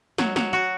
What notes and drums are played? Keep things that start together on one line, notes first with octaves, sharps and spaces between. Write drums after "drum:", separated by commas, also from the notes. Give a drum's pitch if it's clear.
F#3, drum: snare
F#3, drum: snare
F#4